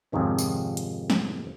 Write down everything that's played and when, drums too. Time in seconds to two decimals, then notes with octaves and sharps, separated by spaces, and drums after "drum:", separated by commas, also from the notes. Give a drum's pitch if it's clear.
0.12 F2 G#2 C3 D#3 C#4
0.38 drum: tambourine
0.77 drum: hi-hat
1.10 drum: snare